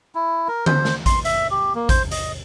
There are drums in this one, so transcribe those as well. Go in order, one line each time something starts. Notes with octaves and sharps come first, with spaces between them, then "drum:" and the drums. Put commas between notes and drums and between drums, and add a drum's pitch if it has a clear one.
E4
A#4
C5, drum: tom D3
drum: snare
C6, drum: kick A1, hi-hat
E5, drum: hi-hat
G4
A#3
C5, drum: kick A1, hi-hat
D#5, drum: hi-hat